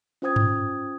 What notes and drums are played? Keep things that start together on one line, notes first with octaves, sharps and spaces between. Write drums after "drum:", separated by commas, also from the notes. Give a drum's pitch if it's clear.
C#4 F4 C5 G5 D#6 G#6
drum: tom G2